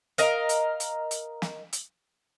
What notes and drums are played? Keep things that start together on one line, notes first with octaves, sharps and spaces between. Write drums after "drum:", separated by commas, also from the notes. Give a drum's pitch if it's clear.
A#4 D#5 F5 A#5, drum: hi-hat
drum: hi-hat
drum: hi-hat
drum: hi-hat
drum: snare
drum: hi-hat